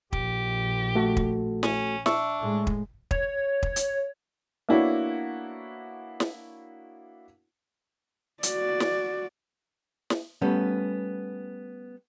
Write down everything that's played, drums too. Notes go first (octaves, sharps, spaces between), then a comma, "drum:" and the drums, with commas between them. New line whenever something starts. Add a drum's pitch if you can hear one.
A#1 G4, drum: kick
A3 F#4 A4
drum: kick
C#4, drum: snare
D4 E5 C#6 E6, drum: snare
A2 G#3
drum: kick
C#5, drum: kick
drum: kick
drum: hi-hat
A#3 B3 D4 E4 F#4 C#5
drum: snare
F#4 D5, drum: hi-hat
drum: snare
drum: snare
G3 A3 B3 C#4